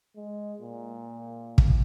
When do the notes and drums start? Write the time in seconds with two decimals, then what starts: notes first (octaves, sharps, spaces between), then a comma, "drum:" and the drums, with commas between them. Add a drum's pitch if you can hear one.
0.16 G#3
0.61 A#2
1.58 drum: kick